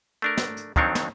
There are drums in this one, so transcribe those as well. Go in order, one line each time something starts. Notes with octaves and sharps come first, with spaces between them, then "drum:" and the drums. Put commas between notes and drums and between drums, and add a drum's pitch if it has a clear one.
A3 D4 A#4
drum: snare
drum: hi-hat
F2 D#3 F#3 C4 D4 C#5, drum: kick
drum: snare